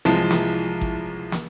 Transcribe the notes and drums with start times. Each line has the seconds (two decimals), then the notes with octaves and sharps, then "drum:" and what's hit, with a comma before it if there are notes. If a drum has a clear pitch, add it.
0.05 C2 E3 F3 G#3 A5
0.31 drum: snare
0.81 drum: kick G#1
1.32 drum: snare